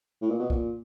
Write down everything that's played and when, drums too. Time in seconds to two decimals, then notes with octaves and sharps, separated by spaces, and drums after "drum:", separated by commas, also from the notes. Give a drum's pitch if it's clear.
0.22 A2
0.30 A#2
0.39 B2
0.50 A#2, drum: kick